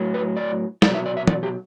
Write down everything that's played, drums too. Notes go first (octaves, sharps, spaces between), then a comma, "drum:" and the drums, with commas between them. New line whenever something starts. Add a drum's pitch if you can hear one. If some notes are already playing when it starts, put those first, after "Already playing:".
Already playing: A2 F#3
B4
D5
B2 F#3 D5, drum: snare
E5
D5
E5
D5, drum: tom
G4